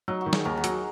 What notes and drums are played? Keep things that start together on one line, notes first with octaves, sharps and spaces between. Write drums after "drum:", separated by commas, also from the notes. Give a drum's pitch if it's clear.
F#3 D#4
F#4
D#3
G#4, drum: snare
D#2 A#4
F#4
F#3, drum: hi-hat
D#4